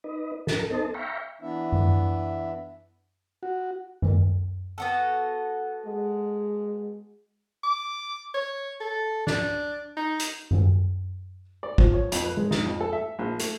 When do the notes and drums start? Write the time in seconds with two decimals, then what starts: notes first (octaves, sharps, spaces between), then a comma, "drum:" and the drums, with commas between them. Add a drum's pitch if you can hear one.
0.04 D#4 B4 D#5
0.47 A4 A#4, drum: snare
0.70 B3 D#4 A4 C5 D#5 A5
0.94 E5 F5 G5 A#5 B5 C#6
1.41 E3 B3 D4 E4 E5
1.72 drum: tom F#2
3.43 F#4
4.02 drum: tom F#2
4.78 B3 F#4 A4
5.86 G#3
7.64 D6
8.34 C#5
8.80 A4
9.27 D4, drum: snare
9.97 D#4
10.20 drum: hi-hat
10.51 drum: tom F#2
11.63 D5
11.78 F3, drum: kick
11.94 C#5
12.12 F2, drum: hi-hat
12.24 B4
12.37 G#3, drum: tom G#3
12.51 D#4, drum: snare
12.66 F2
12.81 A4
12.93 E5
13.19 A#1
13.39 A3, drum: hi-hat